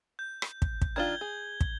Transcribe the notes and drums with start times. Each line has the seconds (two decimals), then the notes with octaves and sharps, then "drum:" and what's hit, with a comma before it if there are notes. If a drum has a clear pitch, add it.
0.19 G6
0.42 drum: rim click
0.62 drum: kick
0.82 drum: kick
0.96 D#3 D4 F4 G#6 G7
1.21 G#4
1.61 drum: kick